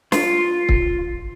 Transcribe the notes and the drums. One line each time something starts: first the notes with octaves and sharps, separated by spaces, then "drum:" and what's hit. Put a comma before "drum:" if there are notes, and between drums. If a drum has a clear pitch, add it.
F4, drum: snare
drum: kick